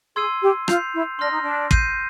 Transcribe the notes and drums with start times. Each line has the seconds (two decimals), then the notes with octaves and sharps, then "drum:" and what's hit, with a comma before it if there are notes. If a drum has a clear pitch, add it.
0.16 G#4 C6 E6 G#6 C7 D#7
0.42 G4
0.68 F4 G6 C7 F7, drum: rim click
0.93 E4
1.19 D4 C6 F6 A#6
1.31 D#4
1.42 D4
1.71 G6 C7 D#7, drum: kick